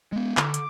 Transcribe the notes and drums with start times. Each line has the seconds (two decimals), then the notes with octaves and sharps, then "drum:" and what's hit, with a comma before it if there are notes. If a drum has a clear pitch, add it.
0.12 G#3 B3
0.37 D3 D6, drum: clap
0.54 drum: hi-hat